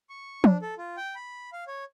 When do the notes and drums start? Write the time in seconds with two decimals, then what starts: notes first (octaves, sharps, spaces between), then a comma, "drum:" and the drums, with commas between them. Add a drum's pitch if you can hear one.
0.10 C#6
0.44 D4, drum: tom F3
0.62 A4
0.78 F4
0.97 G5
1.15 B5
1.53 F5
1.67 C#5